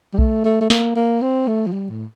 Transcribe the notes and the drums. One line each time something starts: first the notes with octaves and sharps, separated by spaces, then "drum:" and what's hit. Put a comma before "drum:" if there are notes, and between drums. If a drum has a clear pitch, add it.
G3
A3, drum: kick B1
A3
A3
A#3, drum: snare
A#3
C4
A3
F3
G3
A2